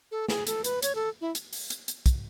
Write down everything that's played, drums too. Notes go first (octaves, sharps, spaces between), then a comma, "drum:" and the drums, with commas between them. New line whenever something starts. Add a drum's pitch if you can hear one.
A4
G#4, drum: snare
A4, drum: hi-hat
B4, drum: hi-hat
C#5, drum: hi-hat
A4
E4
drum: hi-hat
drum: open hi-hat
drum: hi-hat
drum: hi-hat
drum: kick, hi-hat